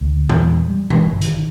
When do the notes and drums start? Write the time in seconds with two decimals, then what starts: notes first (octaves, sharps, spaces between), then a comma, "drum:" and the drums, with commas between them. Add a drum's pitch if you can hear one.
0.01 D2
0.29 E2, drum: tom A#2
0.68 G3
0.90 E3, drum: tom B2
1.05 G1
1.21 D#3, drum: hi-hat